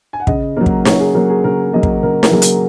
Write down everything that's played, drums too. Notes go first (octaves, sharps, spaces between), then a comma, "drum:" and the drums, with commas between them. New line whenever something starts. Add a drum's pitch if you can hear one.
G#5
F#5
C#3 D#5, drum: kick
F#3 A#3 A#4
drum: kick
C#3 C#5, drum: snare
G#4
F#3 A#3 A#4
G#4
C#3 A#4
F#3 A#3 D#5
drum: kick
C#3 A#4
A#4, drum: snare
F#3 A#3 G#4
drum: hi-hat